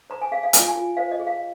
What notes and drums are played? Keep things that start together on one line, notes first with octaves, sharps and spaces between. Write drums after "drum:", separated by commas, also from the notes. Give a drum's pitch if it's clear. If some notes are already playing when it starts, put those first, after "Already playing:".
C5 A#5
G#5
G#4 F5
F5
F4 G#5, drum: hi-hat
G#5
F4
C5 F5
D#5
G#4
F5